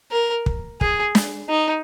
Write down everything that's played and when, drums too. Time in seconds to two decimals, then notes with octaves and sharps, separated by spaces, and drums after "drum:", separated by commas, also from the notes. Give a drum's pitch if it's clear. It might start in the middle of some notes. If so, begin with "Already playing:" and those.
0.11 A#4
0.46 drum: kick
0.81 G#4, drum: kick
1.15 drum: snare
1.49 D#4